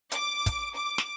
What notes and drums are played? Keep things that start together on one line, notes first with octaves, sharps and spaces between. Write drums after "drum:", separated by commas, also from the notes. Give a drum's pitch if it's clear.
D6, drum: hi-hat
drum: kick, hi-hat
D6
drum: snare